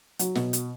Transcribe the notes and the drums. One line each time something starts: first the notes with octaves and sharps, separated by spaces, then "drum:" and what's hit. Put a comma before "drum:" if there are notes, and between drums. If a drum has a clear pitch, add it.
F#3, drum: hi-hat
B2, drum: snare
drum: hi-hat